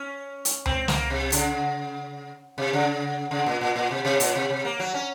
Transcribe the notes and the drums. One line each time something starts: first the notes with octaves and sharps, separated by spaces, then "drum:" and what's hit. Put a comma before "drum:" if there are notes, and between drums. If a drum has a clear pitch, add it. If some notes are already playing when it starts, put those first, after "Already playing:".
Already playing: C#4
drum: hi-hat
C4, drum: tom C#2
A#3, drum: snare
C3
C#3, drum: hi-hat
C3
C#3
C#3
A#2
A#2
A#2
C3
C3
A#2, drum: hi-hat
C3
C3
A#3
F#3
C#4